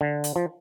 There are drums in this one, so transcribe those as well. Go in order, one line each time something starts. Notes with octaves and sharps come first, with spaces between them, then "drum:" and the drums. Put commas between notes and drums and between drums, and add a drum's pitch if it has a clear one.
D3
drum: hi-hat
F3